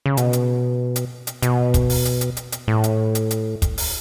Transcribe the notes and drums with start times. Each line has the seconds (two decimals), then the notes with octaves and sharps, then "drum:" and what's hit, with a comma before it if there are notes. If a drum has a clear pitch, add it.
0.06 C#3
0.17 B2, drum: hi-hat
0.33 drum: hi-hat
0.96 drum: hi-hat
1.27 drum: hi-hat
1.42 B2, drum: hi-hat
1.74 drum: kick, hi-hat
1.90 drum: open hi-hat
2.05 drum: hi-hat
2.21 drum: hi-hat
2.37 drum: hi-hat
2.52 drum: hi-hat
2.68 A2
2.84 drum: hi-hat
3.15 drum: hi-hat
3.31 drum: hi-hat
3.62 drum: kick, hi-hat
3.78 drum: open hi-hat